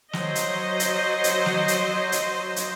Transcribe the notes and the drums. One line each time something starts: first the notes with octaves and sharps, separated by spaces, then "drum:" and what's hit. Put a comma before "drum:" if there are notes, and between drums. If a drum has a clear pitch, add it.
F#3 C5 D#5, drum: snare
drum: hi-hat
drum: hi-hat
drum: hi-hat
drum: snare
drum: hi-hat
drum: hi-hat
drum: hi-hat